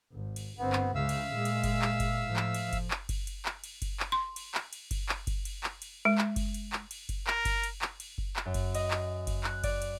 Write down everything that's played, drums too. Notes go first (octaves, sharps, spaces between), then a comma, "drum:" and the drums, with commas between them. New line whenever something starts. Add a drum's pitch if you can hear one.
G#1
drum: cymbal
G1 B3 C4
drum: clap
C#2 C#3 E5 F5 E6
drum: cymbal
A#2 G#3
drum: cymbal
drum: kick F#1, cymbal
drum: clap
drum: kick F#1, cymbal
A2 F3
drum: clap
drum: cymbal
drum: kick F#1, cymbal
drum: clap
drum: kick F#1, cymbal
drum: cymbal
drum: clap
drum: cymbal
drum: kick F#1, cymbal
drum: clap
C6
drum: cymbal
drum: clap
drum: cymbal
drum: kick F#1, cymbal
drum: clap
drum: kick F#1, cymbal
drum: cymbal
drum: clap
drum: cymbal
G#3
drum: clap
drum: kick F#1, cymbal
drum: cymbal
drum: clap
drum: cymbal
drum: kick F#1, cymbal
A#4, drum: clap
drum: kick F#1, cymbal
drum: cymbal
drum: clap
drum: cymbal
drum: kick F#1
drum: clap
F#2
drum: kick F#1, cymbal
D#5, drum: cymbal
drum: clap
drum: kick F#1, cymbal
F#6, drum: clap
D5, drum: kick F#1, cymbal
drum: cymbal